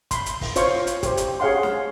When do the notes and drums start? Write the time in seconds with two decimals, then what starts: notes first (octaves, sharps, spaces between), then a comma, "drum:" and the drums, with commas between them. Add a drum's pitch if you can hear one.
0.11 B5 C6, drum: kick, hi-hat
0.26 drum: hi-hat
0.41 drum: kick, open hi-hat
0.56 F4 C5 C#5 F5 C#6, drum: hi-hat
0.87 drum: hi-hat
1.03 G4 C5, drum: kick, hi-hat
1.17 drum: hi-hat
1.40 G#4 C#5 F5 F#5 C6
1.63 drum: snare